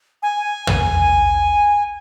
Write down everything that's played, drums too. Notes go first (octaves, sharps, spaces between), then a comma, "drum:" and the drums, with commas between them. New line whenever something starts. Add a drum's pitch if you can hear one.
G#5
drum: tom